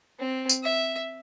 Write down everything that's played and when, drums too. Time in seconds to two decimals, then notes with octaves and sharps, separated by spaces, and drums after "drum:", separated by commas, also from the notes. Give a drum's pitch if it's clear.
0.19 C4
0.49 drum: tambourine
0.63 E5